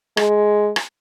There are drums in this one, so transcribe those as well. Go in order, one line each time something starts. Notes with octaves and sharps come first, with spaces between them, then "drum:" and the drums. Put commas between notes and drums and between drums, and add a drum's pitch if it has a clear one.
G#3, drum: rim click
drum: rim click